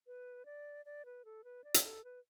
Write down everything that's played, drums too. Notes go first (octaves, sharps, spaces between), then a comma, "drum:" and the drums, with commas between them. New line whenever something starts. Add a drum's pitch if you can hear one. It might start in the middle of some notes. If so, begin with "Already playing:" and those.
B4
D5
D5
B4
A4
B4
D5
drum: hi-hat
A4
B4